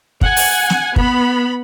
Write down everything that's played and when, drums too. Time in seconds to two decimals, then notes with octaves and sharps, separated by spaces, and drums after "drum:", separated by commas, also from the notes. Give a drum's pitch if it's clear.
0.21 F#5 G#5, drum: kick
0.37 drum: open hi-hat
0.70 drum: snare
0.96 B3 B5, drum: kick